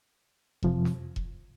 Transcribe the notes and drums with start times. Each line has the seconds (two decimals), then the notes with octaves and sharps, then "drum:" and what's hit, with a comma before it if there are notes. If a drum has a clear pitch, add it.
0.63 F2 C3 F3, drum: kick E1
0.85 drum: snare
1.16 drum: kick E1